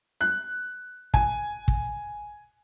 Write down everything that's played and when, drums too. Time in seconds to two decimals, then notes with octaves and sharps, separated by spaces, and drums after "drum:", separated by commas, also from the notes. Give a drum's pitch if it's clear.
0.21 F#6
1.14 G#5, drum: kick
1.68 drum: kick